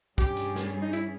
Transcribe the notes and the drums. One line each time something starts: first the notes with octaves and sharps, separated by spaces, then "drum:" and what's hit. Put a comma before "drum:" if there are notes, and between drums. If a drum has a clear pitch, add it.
G2 G3 C#4 G4 G#4, drum: kick
drum: hi-hat
drum: snare
D#4
E4, drum: hi-hat